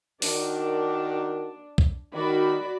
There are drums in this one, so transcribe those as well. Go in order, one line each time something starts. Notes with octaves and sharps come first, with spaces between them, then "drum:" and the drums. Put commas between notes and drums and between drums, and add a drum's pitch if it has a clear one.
D#3 D4 F#4 A#4, drum: open hi-hat
drum: kick
D#3 F#4 D5 B5